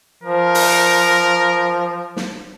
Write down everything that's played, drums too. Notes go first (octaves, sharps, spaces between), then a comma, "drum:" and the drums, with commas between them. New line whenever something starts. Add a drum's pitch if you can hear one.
F3 A#4
drum: open hi-hat
drum: snare